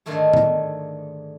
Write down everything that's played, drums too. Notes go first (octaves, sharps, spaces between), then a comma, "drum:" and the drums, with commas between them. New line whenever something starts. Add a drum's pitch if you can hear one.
G#2 D3 D#3 G#3 A3 G#4
drum: tom A2